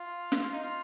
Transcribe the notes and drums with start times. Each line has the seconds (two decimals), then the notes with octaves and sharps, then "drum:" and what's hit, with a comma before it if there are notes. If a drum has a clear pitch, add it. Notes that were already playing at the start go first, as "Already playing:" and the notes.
Already playing: F4
0.32 drum: snare
0.52 D#4
0.63 F4